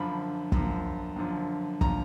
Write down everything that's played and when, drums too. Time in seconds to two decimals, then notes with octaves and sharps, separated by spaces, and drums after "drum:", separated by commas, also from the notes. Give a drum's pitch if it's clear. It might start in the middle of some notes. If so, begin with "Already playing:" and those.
Already playing: F#2 D3 F3 B5
0.52 F#2 D3 F3, drum: kick
1.16 F#2 D3 F3
1.81 D3 F3 A#5, drum: kick